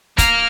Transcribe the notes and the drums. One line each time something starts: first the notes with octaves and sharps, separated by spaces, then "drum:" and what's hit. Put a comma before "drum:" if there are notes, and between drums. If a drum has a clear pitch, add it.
A#3 F6, drum: kick, hi-hat